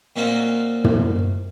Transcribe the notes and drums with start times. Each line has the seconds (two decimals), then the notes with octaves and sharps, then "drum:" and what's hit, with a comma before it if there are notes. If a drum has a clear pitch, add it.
0.16 A#2 C4 C#4 D#4 F4 F#4
0.84 drum: tom